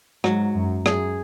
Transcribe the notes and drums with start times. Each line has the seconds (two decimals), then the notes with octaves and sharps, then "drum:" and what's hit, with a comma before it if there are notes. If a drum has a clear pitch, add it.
0.24 G#2 F#3, drum: rim click
0.55 F#2
0.86 F#2 G#4, drum: rim click